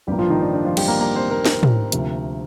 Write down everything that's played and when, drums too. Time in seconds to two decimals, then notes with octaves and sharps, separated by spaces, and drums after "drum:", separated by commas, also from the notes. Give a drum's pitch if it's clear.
0.07 A1 G2 F3 G3 A#3 G4
0.19 F3 F4
0.30 D#3 D#4
0.42 D4
0.54 D4
0.65 F3 F4
0.77 G3 G4, drum: cymbal
0.88 A#3 A#4
1.00 A#3 A#4
1.15 C4 C5
1.30 A#3 A#4
1.45 drum: snare
1.63 drum: tom
1.92 D2 C3 F3, drum: hi-hat